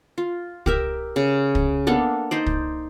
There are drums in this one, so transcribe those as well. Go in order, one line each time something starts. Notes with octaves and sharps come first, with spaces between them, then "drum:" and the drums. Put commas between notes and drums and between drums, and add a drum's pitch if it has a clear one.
F4
G4 A#4 E5, drum: kick
C#3
drum: kick
A#3 B3 D4 A4
D#4 C5 D5
drum: kick